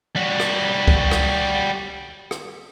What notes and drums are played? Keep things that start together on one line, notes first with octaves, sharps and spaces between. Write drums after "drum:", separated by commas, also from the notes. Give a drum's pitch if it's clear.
G3 F#4
drum: rim click
drum: kick C2
drum: rim click
drum: rim click